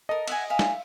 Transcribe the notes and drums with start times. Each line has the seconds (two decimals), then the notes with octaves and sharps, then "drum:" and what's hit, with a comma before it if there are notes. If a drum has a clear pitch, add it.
0.09 A4 A#4 D#5
0.28 E5 F#5 G#5, drum: cymbal
0.50 E5 F5 G#5
0.59 drum: snare